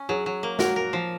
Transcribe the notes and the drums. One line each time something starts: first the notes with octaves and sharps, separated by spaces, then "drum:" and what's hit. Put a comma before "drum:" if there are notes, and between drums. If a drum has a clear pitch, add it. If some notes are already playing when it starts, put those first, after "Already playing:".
Already playing: C#4
F#3 G#4
F#3
A#3
F#4 A#4, drum: snare
A#4
F3